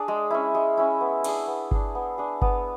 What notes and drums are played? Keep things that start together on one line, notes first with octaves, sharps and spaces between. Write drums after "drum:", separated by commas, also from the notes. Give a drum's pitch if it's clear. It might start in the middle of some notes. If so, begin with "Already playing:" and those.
Already playing: D4 G#4 D5
G#3
C#4 E4
G#3
C#4 E4
B3
D4 G#4, drum: cymbal
B3
D4 G#4, drum: kick G1
B3
D4 G#4
B3, drum: kick G1